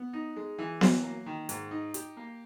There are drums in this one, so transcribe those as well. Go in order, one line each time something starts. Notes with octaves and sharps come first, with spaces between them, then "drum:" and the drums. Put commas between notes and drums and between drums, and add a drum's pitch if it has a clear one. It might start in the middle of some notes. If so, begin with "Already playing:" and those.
Already playing: B3
D#4
G#3
E3
F#3, drum: snare B3
A#3
D#3
G#2, drum: hi-hat
D#4
G4, drum: hi-hat
A#3